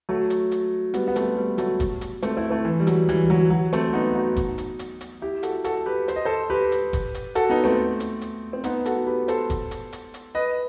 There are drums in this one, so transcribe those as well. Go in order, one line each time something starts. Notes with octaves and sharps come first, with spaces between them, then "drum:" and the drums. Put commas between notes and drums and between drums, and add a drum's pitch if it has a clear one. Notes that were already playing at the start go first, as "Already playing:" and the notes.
F#3 A3
drum: hi-hat
drum: hi-hat
G3 B3, drum: hi-hat
B3
A3 C4, drum: hi-hat
G3 B3
F#3 A3, drum: hi-hat
drum: kick F#1, hi-hat
drum: hi-hat
A3 C4, drum: hi-hat
C4 E4
A3 C4
E3
G3
F#3, drum: hi-hat
E3 G3, drum: hi-hat
F#3
F#3
A3 C4, drum: hi-hat
B3 D#4
D#4 F#4
drum: kick F#1, hi-hat
drum: hi-hat
drum: hi-hat
drum: hi-hat
E4 G4
F#4 A4, drum: hi-hat
F#4 A4, drum: hi-hat
G4 B4
C5, drum: hi-hat
D#5
A4 C5
G4 B4
drum: hi-hat
drum: kick F#1, hi-hat
drum: hi-hat
F#4 A4, drum: hi-hat
B3 D#4
A3 C4
drum: hi-hat
drum: hi-hat
C4
B3 D#4, drum: hi-hat
F#4 A4, drum: hi-hat
G4 B4
A4 C5, drum: hi-hat
drum: kick F#1, hi-hat
drum: hi-hat
drum: hi-hat
drum: hi-hat
B4 D#5